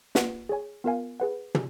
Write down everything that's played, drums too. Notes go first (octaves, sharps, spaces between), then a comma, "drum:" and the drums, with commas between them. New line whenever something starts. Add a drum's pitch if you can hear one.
A#3 F4 B4 F#5, drum: snare
G#4 C#5 G#5
B3 F4 A#4 F5 G#5
G#4 B4 F#5
F#4, drum: tom